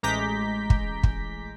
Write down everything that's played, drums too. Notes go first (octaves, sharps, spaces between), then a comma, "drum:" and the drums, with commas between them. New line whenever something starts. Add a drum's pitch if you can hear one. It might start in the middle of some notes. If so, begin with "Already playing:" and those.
A1 G#3 A#5 D6 G6 B6
drum: kick
drum: kick